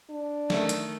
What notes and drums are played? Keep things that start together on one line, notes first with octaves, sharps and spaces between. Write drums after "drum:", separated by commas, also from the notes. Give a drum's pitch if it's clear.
D4
D#3 A3, drum: snare
drum: hi-hat